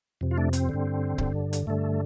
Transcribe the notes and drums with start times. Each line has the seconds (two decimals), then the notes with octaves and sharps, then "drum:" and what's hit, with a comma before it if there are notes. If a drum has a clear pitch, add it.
0.21 F2 C3
0.31 F4
0.38 A3 D4
0.53 C4, drum: hi-hat
0.69 G2 D3
1.18 G2 D3, drum: kick C#1
1.53 drum: hi-hat
1.67 G2 D3 A3